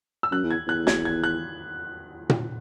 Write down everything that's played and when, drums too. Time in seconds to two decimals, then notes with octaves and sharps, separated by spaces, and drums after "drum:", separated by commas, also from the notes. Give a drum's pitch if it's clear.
0.23 E6
0.32 F#2 F#6
0.44 E2
0.51 G#6
0.67 E2 F#6
0.87 G#6, drum: snare
1.05 G#6
1.24 F#6
2.30 drum: tom A#2